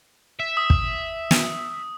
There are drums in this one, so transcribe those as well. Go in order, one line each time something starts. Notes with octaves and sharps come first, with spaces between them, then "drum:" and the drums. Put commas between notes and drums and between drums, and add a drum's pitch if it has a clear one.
E5
D#6
drum: kick
drum: snare